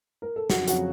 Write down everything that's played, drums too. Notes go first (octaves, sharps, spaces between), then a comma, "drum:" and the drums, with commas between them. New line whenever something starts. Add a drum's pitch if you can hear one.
A#4
A4
F2 C#3 F#3 F#4, drum: snare
F#4, drum: hi-hat